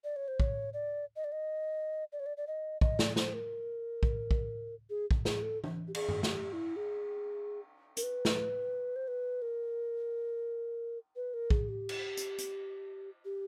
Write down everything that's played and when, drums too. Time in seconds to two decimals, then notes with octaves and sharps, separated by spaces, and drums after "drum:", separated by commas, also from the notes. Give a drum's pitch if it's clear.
0.04 D5
0.16 C#5
0.28 C5
0.40 C#5, drum: kick
0.73 D5
1.16 D#5
1.24 D5
1.32 D#5
2.12 D5
2.20 C#5
2.26 D5
2.37 D5
2.47 D#5
2.81 D#5, drum: kick
2.99 D5, drum: snare
3.16 C5, drum: snare
3.34 A#4
4.03 drum: kick
4.31 drum: kick
4.90 G#4
5.11 drum: kick
5.25 G#4, drum: snare
5.42 A4
5.64 drum: tom E3
5.88 G4
5.95 G#4, drum: cymbal
6.09 drum: tom
6.23 F#4, drum: snare
6.29 G4
6.53 E4
6.76 G#4
7.97 A#4, drum: hi-hat
8.03 B4
8.25 drum: snare
8.96 C5
9.08 B4
9.42 A#4
11.16 B4
11.34 A#4
11.50 G#4, drum: kick
11.69 G4
11.89 drum: cymbal
12.17 drum: hi-hat
12.38 drum: hi-hat
13.25 G4